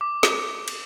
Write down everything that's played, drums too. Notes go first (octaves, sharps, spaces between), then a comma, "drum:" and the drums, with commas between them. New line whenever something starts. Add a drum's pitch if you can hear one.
D6
drum: snare
drum: cymbal